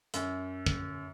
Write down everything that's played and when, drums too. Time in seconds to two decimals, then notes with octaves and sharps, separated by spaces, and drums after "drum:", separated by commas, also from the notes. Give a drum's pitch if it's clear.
0.14 F#2, drum: hi-hat
0.66 drum: kick